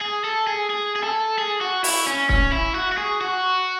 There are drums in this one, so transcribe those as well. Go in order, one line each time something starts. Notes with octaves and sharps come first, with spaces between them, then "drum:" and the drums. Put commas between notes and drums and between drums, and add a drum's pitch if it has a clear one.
G#4
A4
G#4
G#4
G#4
A4
G#4
F#4
E4, drum: open hi-hat
C#4
C#4, drum: kick
E4
F#4
F#4
G#4
F#4